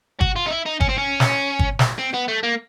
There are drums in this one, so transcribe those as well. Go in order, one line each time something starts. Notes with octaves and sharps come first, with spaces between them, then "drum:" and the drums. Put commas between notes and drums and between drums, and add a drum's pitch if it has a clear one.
F#4, drum: kick G1
F4
D#4
E4
D#4
C#4, drum: kick G1
C4
C#4
drum: snare
drum: kick G1
drum: snare
C4
B3
A3
A#3